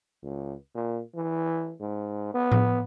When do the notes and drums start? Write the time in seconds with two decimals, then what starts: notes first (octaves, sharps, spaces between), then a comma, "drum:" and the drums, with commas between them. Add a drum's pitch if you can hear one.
0.23 C#2
0.75 A#2
1.16 E3
1.81 G#2
2.34 B3
2.52 drum: tom A2